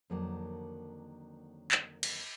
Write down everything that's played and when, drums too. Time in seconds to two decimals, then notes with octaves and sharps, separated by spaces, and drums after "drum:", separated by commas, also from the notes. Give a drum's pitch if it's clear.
0.10 F2 D3 D#3 F#3 A#3 A5
1.71 drum: clap
2.03 drum: cymbal